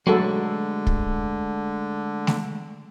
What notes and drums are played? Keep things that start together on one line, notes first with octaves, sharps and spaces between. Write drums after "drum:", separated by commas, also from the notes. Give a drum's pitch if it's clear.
D3 F#3 G#3 A3 A4 B4
drum: kick
drum: snare A3